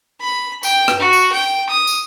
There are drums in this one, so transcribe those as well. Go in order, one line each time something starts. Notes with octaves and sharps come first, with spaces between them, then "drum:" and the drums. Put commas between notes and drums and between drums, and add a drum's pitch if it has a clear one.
B5
G5, drum: tambourine
drum: rim click
F#4
drum: tambourine
G5
D#6
drum: tambourine